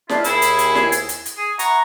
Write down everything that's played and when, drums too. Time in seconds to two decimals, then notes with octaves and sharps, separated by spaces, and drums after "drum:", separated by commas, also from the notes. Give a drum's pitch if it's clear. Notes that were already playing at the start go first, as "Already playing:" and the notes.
0.09 D4 E4 F4, drum: snare E4
0.24 D#2 E4 G#4, drum: hi-hat
0.42 drum: hi-hat
0.59 drum: hi-hat
0.75 drum: snare E4
0.92 drum: hi-hat
1.09 drum: hi-hat
1.26 drum: hi-hat
1.37 G#4
1.59 E4 F#5 A#5 C#6, drum: hi-hat